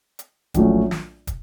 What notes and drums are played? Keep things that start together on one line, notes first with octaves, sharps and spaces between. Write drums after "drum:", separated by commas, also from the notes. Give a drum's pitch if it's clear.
drum: hi-hat
A#1 A2 F#3 A3 C#4, drum: kick, hi-hat
drum: snare
drum: kick, hi-hat